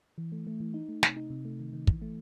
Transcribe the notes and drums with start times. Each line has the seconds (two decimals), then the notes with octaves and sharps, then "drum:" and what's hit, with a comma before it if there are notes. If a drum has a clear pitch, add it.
0.18 E3
0.32 A3
0.47 A3
0.60 E3
0.74 D#4
0.89 A3
1.03 C3, drum: snare
1.17 D#4
1.30 C3
1.45 A3
1.60 D#3
1.73 D#3
1.87 E3, drum: kick
2.02 A3